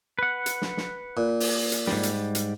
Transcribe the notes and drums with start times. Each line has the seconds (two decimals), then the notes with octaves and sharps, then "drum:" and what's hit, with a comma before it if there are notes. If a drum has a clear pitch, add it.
0.19 B4 F#5
0.46 drum: hi-hat
0.62 drum: snare
0.77 drum: snare
1.17 A#2
1.40 drum: open hi-hat
1.72 drum: hi-hat
1.87 G#2 G3, drum: snare
2.03 drum: hi-hat
2.35 drum: hi-hat